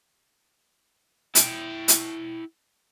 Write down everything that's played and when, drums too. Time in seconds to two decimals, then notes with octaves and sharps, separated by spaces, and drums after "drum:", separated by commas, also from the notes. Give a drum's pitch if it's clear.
1.35 E4 G5, drum: hi-hat
1.88 drum: hi-hat